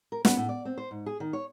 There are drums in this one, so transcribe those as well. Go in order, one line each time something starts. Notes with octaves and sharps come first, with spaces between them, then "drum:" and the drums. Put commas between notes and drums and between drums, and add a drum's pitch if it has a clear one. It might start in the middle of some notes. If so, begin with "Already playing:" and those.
A#4
B3, drum: snare
A2
D5
C4
C5
G#2
G#4
D#3
C#5